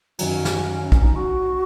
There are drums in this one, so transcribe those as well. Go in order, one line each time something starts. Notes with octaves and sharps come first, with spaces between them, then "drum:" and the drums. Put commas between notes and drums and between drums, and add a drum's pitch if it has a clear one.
F#2 D#3 F#3 C#4, drum: cymbal
drum: snare
C#4, drum: kick
D#4
F#4